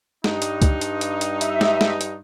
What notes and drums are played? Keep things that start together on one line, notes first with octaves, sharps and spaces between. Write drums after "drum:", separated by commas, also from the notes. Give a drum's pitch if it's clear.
G2 D#4, drum: snare
drum: hi-hat
drum: kick, hi-hat
drum: hi-hat
drum: hi-hat
drum: hi-hat
E5, drum: hi-hat
drum: snare
drum: snare
drum: hi-hat